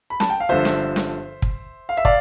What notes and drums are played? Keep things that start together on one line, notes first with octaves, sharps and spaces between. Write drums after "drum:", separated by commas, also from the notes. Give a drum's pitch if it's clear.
B5
A5, drum: snare C#4
G5
F5
G1 G2 D3 F3 C5 E5
drum: snare C#4
drum: snare C#4
drum: kick
F5
E5
D5 F5, drum: kick